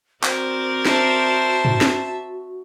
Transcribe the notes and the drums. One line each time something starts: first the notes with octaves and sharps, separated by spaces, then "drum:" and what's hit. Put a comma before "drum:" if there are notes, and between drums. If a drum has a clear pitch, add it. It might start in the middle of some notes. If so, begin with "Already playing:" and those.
C4 F#4 A#4 C5 D5, drum: clap
C5 E5 A5, drum: snare C4
drum: tom G2
drum: snare C4